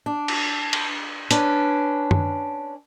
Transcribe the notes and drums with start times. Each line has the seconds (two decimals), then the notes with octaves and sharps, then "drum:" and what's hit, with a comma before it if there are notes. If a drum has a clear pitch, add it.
0.06 D4
0.28 drum: cymbal
0.73 drum: cymbal
1.31 C#4 D4 B4, drum: hi-hat
2.11 drum: tom F#2